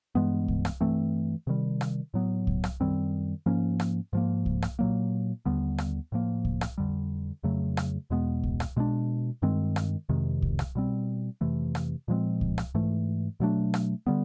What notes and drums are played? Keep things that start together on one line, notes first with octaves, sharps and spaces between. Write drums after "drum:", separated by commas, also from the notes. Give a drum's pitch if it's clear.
G2 E3 G#3 B3
drum: kick C2
drum: rim click
G2 E3 A3 C4
C3 D#3 G3
drum: rim click
A2 F#3 B3
drum: kick C2
drum: rim click
F#2 D#3 G3 C4
G#2 F3 A#3 C#4
drum: rim click
G#2 F3 A#3
drum: kick C2
drum: rim click
A#2 F#3 A#3
D#2 D3 G3 B3
drum: rim click
A2 F3 A#3
drum: kick C2
drum: rim click
F2 D3 G3
F2 C#3 F#3 A3
drum: rim click
E2 B2 G#3 B3
drum: kick C2
drum: rim click
B2 G#3 B3 D4
G2 D#3 G#3 C4
drum: rim click
F2 C3 D#3 G#3
drum: kick C2
drum: rim click
B2 G3 C4
F2 C3 E3 A3
drum: rim click
A#2 F3 G#3 C4
drum: kick C2
drum: rim click
G#2 E3 A3
B2 F#3 A3 D4
drum: rim click
D3 G3 B3